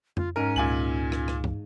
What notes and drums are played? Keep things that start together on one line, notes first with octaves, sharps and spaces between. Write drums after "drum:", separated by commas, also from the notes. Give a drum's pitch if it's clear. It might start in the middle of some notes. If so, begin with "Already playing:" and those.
F4, drum: tom F2
G#2 C#4 A#4 D#7
C#2 A#2 G#5 F#7
drum: rim click
drum: rim click
drum: tom